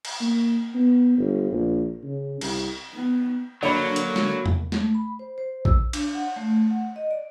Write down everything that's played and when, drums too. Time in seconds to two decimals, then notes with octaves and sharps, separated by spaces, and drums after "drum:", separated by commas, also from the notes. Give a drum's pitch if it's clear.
0.05 drum: cymbal
0.21 A#3
0.75 B3
1.18 G1
1.52 A#1
2.03 C#3
2.41 C2, drum: cymbal
2.93 B3
3.63 D3 F#3 A#3 D5 B5
3.96 drum: hi-hat
4.16 drum: snare
4.46 drum: tom E2
4.72 A3, drum: snare
4.95 B5
5.19 C5
5.38 C5
5.65 E6, drum: kick A#1
5.93 D4, drum: cymbal
6.15 F#5
6.36 A3
6.70 F#5
6.96 D#5
7.11 D5